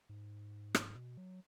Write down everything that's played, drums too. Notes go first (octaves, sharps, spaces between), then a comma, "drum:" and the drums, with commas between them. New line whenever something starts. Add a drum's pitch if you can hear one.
G#2
drum: rim click
B2
F#3